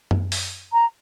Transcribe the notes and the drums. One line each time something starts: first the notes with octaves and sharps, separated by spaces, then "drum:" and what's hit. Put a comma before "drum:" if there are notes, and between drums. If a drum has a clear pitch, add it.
drum: tom F#2
drum: open hi-hat
A#5